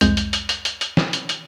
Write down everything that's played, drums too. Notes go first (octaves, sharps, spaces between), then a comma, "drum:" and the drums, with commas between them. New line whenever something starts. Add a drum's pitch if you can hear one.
C2 F2 G#3 G6, drum: hi-hat
drum: hi-hat
drum: hi-hat
drum: hi-hat
drum: hi-hat
drum: hi-hat
drum: snare
drum: hi-hat
drum: hi-hat